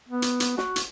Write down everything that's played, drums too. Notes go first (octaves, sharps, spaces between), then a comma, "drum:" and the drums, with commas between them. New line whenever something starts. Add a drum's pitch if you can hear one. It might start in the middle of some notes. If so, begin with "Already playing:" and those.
B3
drum: hi-hat
drum: hi-hat
F#4, drum: snare
drum: hi-hat